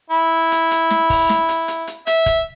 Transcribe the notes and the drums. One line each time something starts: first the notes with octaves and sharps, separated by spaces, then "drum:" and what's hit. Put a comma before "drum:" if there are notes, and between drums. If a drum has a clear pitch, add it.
E4
drum: hi-hat
drum: hi-hat
drum: snare
drum: kick, open hi-hat
drum: snare
drum: hi-hat
drum: hi-hat
drum: hi-hat
E5, drum: hi-hat
drum: kick, hi-hat